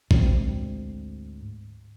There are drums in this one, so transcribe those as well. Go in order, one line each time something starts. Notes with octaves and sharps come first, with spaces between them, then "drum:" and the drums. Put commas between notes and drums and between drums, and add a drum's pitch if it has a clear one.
D2 G#2 C4, drum: kick